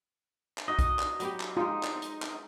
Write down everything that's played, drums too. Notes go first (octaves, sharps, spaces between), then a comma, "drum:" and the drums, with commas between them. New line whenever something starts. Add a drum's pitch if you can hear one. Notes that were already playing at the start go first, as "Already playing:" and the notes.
drum: clap
D#4 F#4 D#5
drum: kick B1, hi-hat
drum: clap
F#3 B3 G4, drum: hi-hat
drum: clap
G#3 D#4 F4 G4
C5, drum: clap
drum: hi-hat
drum: clap